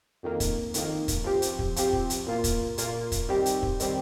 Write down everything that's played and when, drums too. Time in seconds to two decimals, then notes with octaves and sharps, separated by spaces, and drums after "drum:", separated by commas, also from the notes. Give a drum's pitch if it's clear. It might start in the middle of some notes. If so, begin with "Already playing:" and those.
0.23 F2 D#3 A#3
0.40 drum: kick, hi-hat
0.74 F2 D#3 A#3, drum: hi-hat
1.08 drum: kick, hi-hat
1.24 F3 C4 G4
1.42 drum: hi-hat
1.59 drum: kick
1.76 F3 C4 G4, drum: hi-hat
1.93 drum: kick
2.10 drum: hi-hat
2.27 A#2 A#3 F4
2.44 drum: kick, hi-hat
2.78 A#2 A#3 F4, drum: hi-hat
3.12 drum: kick, hi-hat
3.29 D#3 G3 C4 G4
3.46 drum: hi-hat
3.63 drum: kick
3.80 D#3 G3 C4 G4, drum: hi-hat